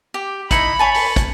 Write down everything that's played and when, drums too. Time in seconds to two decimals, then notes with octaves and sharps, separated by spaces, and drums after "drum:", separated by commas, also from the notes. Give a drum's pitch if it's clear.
0.14 G4
0.51 D#4 E4 D#5 B5 C#7 F#7, drum: kick, hi-hat
0.79 C#5 G#5 A5
0.94 drum: open hi-hat
1.16 drum: kick, hi-hat